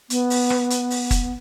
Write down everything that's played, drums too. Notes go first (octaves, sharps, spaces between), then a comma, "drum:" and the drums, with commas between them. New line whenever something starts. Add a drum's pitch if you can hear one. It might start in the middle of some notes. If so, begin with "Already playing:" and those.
B3, drum: hi-hat
drum: open hi-hat
drum: rim click
drum: hi-hat
drum: open hi-hat
drum: kick, hi-hat